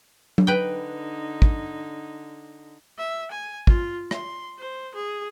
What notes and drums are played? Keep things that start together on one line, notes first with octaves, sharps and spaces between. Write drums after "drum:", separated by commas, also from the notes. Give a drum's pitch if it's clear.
drum: tom F#3
D3 D#4 B4 G5
drum: kick
E5
G#5
F4, drum: kick
C6, drum: rim click
C5
G#4